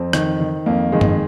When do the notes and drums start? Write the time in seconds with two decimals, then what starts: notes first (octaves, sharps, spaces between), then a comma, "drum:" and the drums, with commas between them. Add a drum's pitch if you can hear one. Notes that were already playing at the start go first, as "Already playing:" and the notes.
Already playing: F2 C4
0.13 D#3, drum: rim click
0.40 D#3
0.66 F2 A#3
0.92 D#3 G#3
1.01 drum: tom F#2